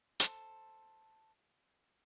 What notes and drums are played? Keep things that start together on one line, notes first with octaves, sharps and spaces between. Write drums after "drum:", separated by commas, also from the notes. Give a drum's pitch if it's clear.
A4 C5, drum: hi-hat